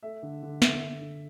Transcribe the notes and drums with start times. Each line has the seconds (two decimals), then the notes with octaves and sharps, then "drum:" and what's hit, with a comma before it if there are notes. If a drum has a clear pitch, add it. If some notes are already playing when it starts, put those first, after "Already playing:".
0.03 A3 E5
0.23 D3
0.43 D3
0.62 D3 E5, drum: snare
0.81 D3
1.01 D3